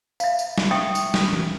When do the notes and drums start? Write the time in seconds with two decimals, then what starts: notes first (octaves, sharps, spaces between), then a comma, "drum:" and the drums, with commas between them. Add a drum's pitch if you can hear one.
0.20 E5 F5, drum: tambourine
0.39 drum: tambourine
0.58 drum: snare
0.71 E5 G5 C#6 D#6
0.95 drum: tambourine
1.14 drum: snare
1.33 drum: tom E3